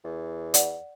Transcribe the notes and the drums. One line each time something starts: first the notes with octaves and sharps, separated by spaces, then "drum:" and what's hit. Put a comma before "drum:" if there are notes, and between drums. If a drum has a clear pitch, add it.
E2
D5 F#5, drum: hi-hat